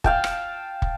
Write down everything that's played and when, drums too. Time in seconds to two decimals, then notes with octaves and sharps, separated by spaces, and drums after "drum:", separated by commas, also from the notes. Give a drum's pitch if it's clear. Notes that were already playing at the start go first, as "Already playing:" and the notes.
0.04 F5 G5 A5, drum: kick
0.24 drum: rim click
0.82 drum: kick